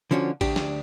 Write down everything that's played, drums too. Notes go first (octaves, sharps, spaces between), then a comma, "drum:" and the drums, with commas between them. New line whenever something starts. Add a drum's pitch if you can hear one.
D3 F3 C#4 D4 F#4
D2 D4 G4, drum: kick A1, cymbal
drum: snare